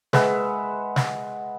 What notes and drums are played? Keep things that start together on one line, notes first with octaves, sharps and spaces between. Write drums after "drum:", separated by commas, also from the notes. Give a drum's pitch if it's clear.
G#3 B4 E5 F#5, drum: snare
drum: snare